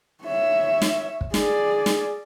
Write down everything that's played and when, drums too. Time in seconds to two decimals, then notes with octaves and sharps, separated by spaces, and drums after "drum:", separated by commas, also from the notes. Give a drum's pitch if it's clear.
0.24 C#5 E5
0.82 drum: snare
1.21 drum: kick
1.34 G#4 D5, drum: snare
1.86 drum: snare